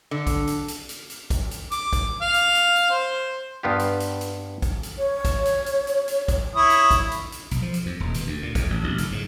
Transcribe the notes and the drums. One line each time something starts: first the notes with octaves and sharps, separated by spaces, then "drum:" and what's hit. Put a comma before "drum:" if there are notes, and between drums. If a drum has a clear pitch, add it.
D3
drum: kick, hi-hat
drum: hi-hat
drum: hi-hat
drum: hi-hat
drum: hi-hat
drum: kick, hi-hat
drum: hi-hat
D6, drum: hi-hat
drum: kick, hi-hat
F5
drum: hi-hat
drum: hi-hat
drum: hi-hat
C5
G2 B3 F4 G4
drum: hi-hat
drum: hi-hat
drum: hi-hat
drum: kick, hi-hat
drum: hi-hat
C#5
drum: kick, hi-hat
drum: hi-hat
drum: hi-hat
drum: hi-hat
drum: hi-hat
drum: kick, hi-hat
E4 C#5 D#6
drum: hi-hat
drum: kick, hi-hat
drum: hi-hat
drum: hi-hat
B1, drum: hi-hat
F3
drum: hi-hat
F2
D#1
B2, drum: hi-hat
D2
A#2
E2, drum: kick, hi-hat
A1
A1
F#1, drum: hi-hat
G#2